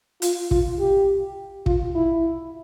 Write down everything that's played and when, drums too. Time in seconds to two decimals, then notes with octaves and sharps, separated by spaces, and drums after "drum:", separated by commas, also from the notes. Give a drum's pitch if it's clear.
0.22 F4, drum: hi-hat
0.51 F4, drum: kick
0.80 G4
1.66 F4, drum: kick
1.95 E4